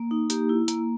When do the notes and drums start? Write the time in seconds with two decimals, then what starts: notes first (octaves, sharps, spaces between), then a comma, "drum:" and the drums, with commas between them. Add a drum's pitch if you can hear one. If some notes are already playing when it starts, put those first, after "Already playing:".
Already playing: A#3
0.11 D#4
0.30 A#3 G4, drum: hi-hat
0.49 E4
0.68 A#3, drum: hi-hat